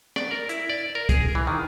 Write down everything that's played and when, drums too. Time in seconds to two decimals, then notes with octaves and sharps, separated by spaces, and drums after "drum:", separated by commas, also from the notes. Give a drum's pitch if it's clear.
0.16 D5, drum: rim click
0.31 A#4
0.49 E4, drum: hi-hat
0.70 D5
0.95 A#4
1.09 G#4, drum: kick, hi-hat
1.35 E3
1.47 D#3